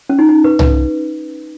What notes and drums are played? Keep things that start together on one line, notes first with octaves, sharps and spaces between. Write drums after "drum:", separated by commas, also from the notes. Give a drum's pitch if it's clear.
C#4
D#4
D#4
B4
B4, drum: tom C2